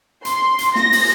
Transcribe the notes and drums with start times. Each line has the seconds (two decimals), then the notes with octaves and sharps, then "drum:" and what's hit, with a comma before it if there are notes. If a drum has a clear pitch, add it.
0.25 C6, drum: hi-hat
0.59 drum: hi-hat
0.75 A#6, drum: snare
0.92 drum: open hi-hat